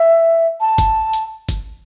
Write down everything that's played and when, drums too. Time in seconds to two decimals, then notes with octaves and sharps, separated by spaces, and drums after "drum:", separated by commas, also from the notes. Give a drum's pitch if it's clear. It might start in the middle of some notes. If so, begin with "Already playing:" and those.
Already playing: E5
0.61 A5
0.78 drum: kick, hi-hat
1.13 drum: hi-hat
1.49 drum: kick, hi-hat